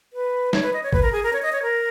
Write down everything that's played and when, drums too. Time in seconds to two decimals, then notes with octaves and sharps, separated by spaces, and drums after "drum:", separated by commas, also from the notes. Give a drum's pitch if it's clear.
0.13 B4
0.53 C#5, drum: snare
0.63 B4
0.73 D#5
0.83 C#5
0.93 B4, drum: kick
1.03 A#4
1.12 G#4
1.23 A#4
1.33 C#5
1.43 D#5
1.52 C#5
1.63 A#4